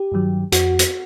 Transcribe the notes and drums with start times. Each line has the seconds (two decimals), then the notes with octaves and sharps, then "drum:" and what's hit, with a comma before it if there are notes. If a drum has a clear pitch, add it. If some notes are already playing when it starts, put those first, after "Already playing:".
Already playing: G4
0.12 G2 D#3 F#3
0.52 F2 F#4, drum: hi-hat
0.79 drum: hi-hat